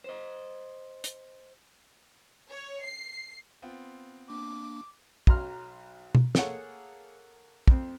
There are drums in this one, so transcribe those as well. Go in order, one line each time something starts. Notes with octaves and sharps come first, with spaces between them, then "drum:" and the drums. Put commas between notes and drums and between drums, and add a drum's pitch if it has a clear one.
C5 D#5
drum: hi-hat
C#5
C7
B3 C4 F4
A#3 D4 D6
B1 F#3 A#5 C6 F6, drum: kick
drum: tom B2
A#3 G#4 A4 C#5 F#5, drum: snare
F2 C4, drum: kick